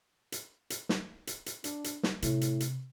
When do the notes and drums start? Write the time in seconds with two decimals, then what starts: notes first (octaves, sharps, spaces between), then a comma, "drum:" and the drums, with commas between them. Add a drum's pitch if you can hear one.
0.32 drum: hi-hat
0.70 drum: hi-hat
0.89 drum: snare
1.27 drum: hi-hat
1.46 drum: hi-hat
1.64 D4, drum: hi-hat
1.84 drum: hi-hat
2.03 drum: snare
2.22 A2 C3, drum: hi-hat
2.41 drum: hi-hat
2.60 drum: hi-hat